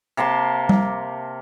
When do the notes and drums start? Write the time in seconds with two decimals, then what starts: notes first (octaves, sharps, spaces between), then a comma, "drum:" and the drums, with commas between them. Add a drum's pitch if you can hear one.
0.17 C3 A#3 A5 C6
0.69 drum: tom G3